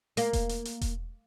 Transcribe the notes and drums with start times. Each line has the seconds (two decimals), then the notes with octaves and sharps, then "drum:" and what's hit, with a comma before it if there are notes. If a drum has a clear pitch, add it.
0.17 A#3, drum: hi-hat
0.33 drum: kick E1, hi-hat
0.49 drum: hi-hat
0.65 drum: hi-hat
0.81 drum: kick E1, hi-hat